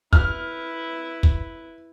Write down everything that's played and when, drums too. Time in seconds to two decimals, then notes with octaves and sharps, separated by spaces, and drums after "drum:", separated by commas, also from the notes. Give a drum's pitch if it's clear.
0.13 E4 B4 F6, drum: kick
1.23 drum: kick